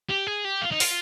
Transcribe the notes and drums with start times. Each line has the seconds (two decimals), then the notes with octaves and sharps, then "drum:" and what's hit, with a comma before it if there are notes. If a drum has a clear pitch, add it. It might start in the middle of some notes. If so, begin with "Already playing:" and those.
0.10 G4
0.27 G#4
0.45 G4
0.62 F4
0.72 D#4
0.80 F4, drum: open hi-hat